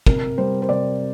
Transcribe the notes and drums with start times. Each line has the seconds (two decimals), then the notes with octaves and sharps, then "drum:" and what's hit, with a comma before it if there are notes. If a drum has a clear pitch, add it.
0.06 C3 A#4, drum: kick
0.38 G3 C5
0.62 C5
0.69 C3 D5